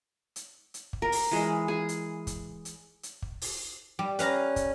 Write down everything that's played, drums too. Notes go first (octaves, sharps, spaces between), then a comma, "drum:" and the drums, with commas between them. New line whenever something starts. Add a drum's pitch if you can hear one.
drum: hi-hat
drum: hi-hat
drum: kick
A#4
drum: open hi-hat
E3 G#3
G#4
drum: hi-hat
drum: kick, hi-hat
drum: hi-hat
drum: hi-hat
drum: kick
drum: open hi-hat
G3
C#4 B4 F5 A#5, drum: hi-hat
drum: kick, hi-hat